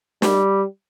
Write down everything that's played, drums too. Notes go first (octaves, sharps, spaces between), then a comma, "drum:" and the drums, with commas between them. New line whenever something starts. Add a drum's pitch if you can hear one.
G3, drum: snare